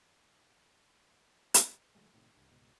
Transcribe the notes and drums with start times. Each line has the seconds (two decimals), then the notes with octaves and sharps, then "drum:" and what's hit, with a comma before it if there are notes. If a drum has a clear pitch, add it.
1.54 drum: hi-hat
1.95 D3 F#3 G#3 A3
2.14 A2 C3 D#3
2.34 C2 G2
2.51 C#2 G#2 B2